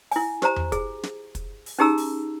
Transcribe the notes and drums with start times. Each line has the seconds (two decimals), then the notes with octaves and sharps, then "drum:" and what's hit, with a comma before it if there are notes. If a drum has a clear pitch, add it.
0.11 E4 G#5, drum: open hi-hat
0.42 G4 C5 A#5, drum: snare
0.56 drum: tom E2
0.72 G#4, drum: kick, hi-hat
1.03 drum: snare
1.35 drum: kick, hi-hat
1.66 drum: open hi-hat
1.79 C#4 D#4 G4 G#4 A#5 E6
1.98 drum: open hi-hat